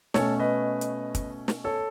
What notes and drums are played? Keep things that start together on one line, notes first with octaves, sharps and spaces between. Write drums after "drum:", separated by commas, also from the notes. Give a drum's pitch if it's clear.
B2 A3 C#4 A4 C#5, drum: snare
B4 D#5
drum: hi-hat
drum: kick, hi-hat
drum: snare
A4 C#5